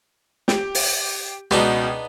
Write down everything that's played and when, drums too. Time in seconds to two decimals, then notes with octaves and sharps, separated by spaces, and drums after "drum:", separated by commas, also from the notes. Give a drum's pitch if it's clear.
0.48 G4, drum: snare
0.75 drum: open hi-hat
1.51 C#2 B2 B3 D4 D#4